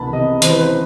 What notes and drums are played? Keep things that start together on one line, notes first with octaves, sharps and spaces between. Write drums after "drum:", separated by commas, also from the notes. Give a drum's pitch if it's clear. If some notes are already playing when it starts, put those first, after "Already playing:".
Already playing: C2 E3 B3 A5 B5
C3 D#5
E3 C5, drum: hi-hat
B4
C5